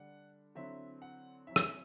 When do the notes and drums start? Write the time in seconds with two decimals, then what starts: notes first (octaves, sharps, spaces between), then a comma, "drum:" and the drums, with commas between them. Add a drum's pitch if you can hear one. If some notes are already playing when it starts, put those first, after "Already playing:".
Already playing: D3 G3 D4 F#5
0.55 D3 F#3 C4 E4 E5
1.02 F#5
1.47 F#3 C4 E4 E5
1.56 drum: rim click